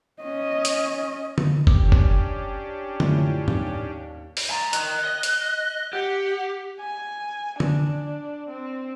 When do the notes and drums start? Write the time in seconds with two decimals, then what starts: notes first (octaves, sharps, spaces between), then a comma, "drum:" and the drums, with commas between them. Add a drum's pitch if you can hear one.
0.22 C#4 D#5
0.65 drum: hi-hat
1.38 drum: tom D3
1.67 C#4 D4 G4 D6, drum: kick
1.92 drum: kick
3.00 F#2 A2 F3, drum: tom D3
3.48 D#2, drum: tom G#2
4.37 drum: open hi-hat
4.50 G#5 A#5
4.73 A#4 D#5 F#6, drum: hi-hat
5.05 D#5
5.23 drum: hi-hat
5.93 G4 F#5
6.80 G#5
7.60 D4, drum: tom D3
8.49 C4